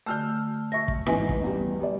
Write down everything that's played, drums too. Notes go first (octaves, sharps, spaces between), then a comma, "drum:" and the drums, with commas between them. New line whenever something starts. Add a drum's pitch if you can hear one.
D3 A3 E6 F6 G6
E5 C#6 A#6
drum: kick
A1 G#2 E3 B4 G#5, drum: snare
drum: kick
E2 G3
G3 D5